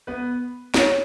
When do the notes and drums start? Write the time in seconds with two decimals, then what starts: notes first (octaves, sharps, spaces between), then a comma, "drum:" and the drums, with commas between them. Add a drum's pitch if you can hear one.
0.07 B3 B4
0.74 C#4 C#5, drum: snare